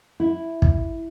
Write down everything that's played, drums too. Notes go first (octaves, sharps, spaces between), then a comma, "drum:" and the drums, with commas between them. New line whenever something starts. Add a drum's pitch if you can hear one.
E4
drum: kick